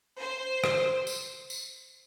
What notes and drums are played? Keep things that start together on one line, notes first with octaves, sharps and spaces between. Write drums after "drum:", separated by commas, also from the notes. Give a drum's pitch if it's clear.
C5
drum: rim click
drum: tambourine
drum: tambourine